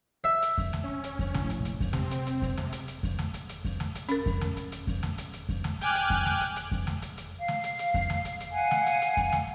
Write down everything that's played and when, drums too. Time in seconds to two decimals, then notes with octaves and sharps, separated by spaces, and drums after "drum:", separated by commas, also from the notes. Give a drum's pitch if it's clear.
0.24 E5
0.42 drum: hi-hat
0.58 drum: kick F2, open hi-hat
0.73 drum: snare
0.84 C#4
1.04 drum: hi-hat
1.19 drum: kick F2, open hi-hat
1.34 F1 A#1 A2, drum: snare
1.50 drum: hi-hat
1.65 drum: hi-hat
1.80 drum: kick F2, open hi-hat
1.93 C3 C4, drum: snare
2.11 drum: hi-hat
2.26 drum: hi-hat
2.42 drum: kick F2, open hi-hat
2.57 C3, drum: snare
2.73 drum: hi-hat
2.88 drum: hi-hat
3.03 drum: kick F2, open hi-hat
3.19 drum: snare
3.34 drum: hi-hat
3.49 drum: hi-hat
3.65 drum: kick F2, open hi-hat
3.80 drum: snare
3.95 drum: hi-hat
4.09 C#4 A#4, drum: hi-hat
4.26 drum: kick F2, open hi-hat
4.41 drum: snare
4.57 drum: hi-hat
4.72 drum: hi-hat
4.87 drum: kick F2, open hi-hat
5.03 drum: snare
5.18 drum: hi-hat
5.33 drum: hi-hat
5.49 drum: kick F2, open hi-hat
5.64 drum: snare
5.81 G5 G#5 D6 F6 F#6, drum: hi-hat
5.95 drum: hi-hat
6.10 drum: kick F2, open hi-hat
6.25 drum: snare
6.41 drum: hi-hat
6.56 drum: hi-hat
6.72 drum: kick F2, open hi-hat
6.87 drum: snare
7.02 drum: hi-hat
7.18 drum: hi-hat
7.39 F5
7.48 drum: snare
7.64 drum: hi-hat
7.79 drum: hi-hat
7.94 drum: kick F2, open hi-hat
8.10 drum: snare
8.25 drum: hi-hat
8.40 drum: hi-hat
8.52 F5 F#5 G#5
8.71 drum: snare
8.86 drum: hi-hat
9.02 drum: hi-hat
9.17 drum: kick F2, open hi-hat
9.32 drum: snare